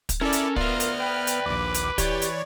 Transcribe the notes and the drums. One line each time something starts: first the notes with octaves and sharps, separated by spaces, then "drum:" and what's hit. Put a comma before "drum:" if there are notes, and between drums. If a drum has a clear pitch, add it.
drum: kick, hi-hat
C#4 E4 A4 A#4 D5
drum: hi-hat
B3 F4 D5 E5 F6, drum: kick
drum: hi-hat
B4 G5
drum: hi-hat
A#1 D#2 D6
drum: hi-hat
E3 G4 C#5 D5, drum: kick, hi-hat
drum: hi-hat